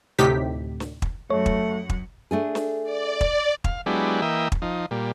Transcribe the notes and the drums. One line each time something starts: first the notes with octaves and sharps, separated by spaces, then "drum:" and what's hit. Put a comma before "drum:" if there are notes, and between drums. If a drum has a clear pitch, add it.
D2 A2 C3 D#4 G4 B6
drum: snare
drum: kick
F#2 A3 C#5 F#5
drum: kick
drum: kick
A3 D4 G#4
drum: snare
D5
drum: kick
F5, drum: kick
F#3 G#3 B3 D4 E4 G4
E3 A#3 D#5 E5 G5
drum: kick
F3 D#4
A#2 G3